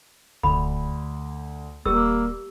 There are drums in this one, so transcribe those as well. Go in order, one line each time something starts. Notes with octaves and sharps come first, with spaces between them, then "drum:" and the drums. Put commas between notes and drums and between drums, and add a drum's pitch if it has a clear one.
D2 B5, drum: kick D#1
G3 A#3 G4 A#4 E6, drum: kick D#1